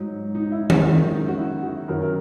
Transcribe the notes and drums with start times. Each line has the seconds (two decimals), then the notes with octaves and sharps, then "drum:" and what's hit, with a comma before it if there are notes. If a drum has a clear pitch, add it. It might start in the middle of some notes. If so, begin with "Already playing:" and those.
Already playing: G#2 F#3 D#4
0.35 D#4
0.52 E4
0.70 F#4, drum: tom D#3
0.86 F#2 D#3 G#3 D#4
1.11 D#4
1.28 F#4
1.38 E4
1.62 F#4
1.88 F#2 D#3 F#3 A#4
2.02 A#4